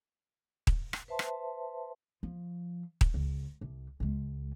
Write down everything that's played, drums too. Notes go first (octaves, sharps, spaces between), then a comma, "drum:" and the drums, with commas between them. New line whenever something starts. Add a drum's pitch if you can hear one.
drum: kick D#1
drum: rim click
B4 C5 E5 A5 C6
drum: rim click
F3
drum: kick D#1
C#2
C2
C#2 G#3